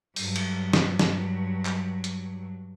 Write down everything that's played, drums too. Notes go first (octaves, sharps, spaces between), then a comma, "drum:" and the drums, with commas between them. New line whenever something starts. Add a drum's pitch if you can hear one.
G2 F#3, drum: open hi-hat
drum: cymbal
drum: snare
drum: snare
drum: clap
drum: hi-hat